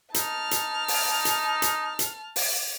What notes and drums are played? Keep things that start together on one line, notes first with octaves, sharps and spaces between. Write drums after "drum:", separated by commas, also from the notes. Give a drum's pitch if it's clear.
D#4 A5 F6, drum: hi-hat
drum: hi-hat
drum: open hi-hat
drum: hi-hat
drum: hi-hat
drum: hi-hat
drum: open hi-hat